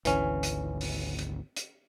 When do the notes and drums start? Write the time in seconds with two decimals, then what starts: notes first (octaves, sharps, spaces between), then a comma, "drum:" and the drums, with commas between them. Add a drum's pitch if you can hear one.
0.05 G#1 D2 E3 C#4, drum: hi-hat
0.43 drum: hi-hat
0.81 drum: open hi-hat
1.19 drum: hi-hat
1.56 drum: hi-hat